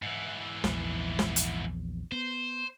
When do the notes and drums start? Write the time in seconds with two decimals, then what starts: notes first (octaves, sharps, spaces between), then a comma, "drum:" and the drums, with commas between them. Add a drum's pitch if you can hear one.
0.02 G#2 E3
0.64 A#1 E2, drum: snare
1.19 drum: snare
1.36 drum: hi-hat
2.12 B3 C5